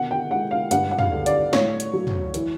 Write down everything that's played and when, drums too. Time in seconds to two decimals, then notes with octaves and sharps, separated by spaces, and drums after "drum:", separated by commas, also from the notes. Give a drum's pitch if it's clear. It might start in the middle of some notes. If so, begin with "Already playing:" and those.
Already playing: B2 D#3 F#5
0.11 G5
0.30 G#3 F#5
0.51 F5
0.71 G2 F#5, drum: hi-hat
0.91 F#5
0.99 F5, drum: tom
1.12 D3
1.26 D5, drum: hi-hat
1.53 A2 C#5, drum: snare
1.80 drum: hi-hat
1.93 F#3
2.07 drum: tom
2.34 E3, drum: hi-hat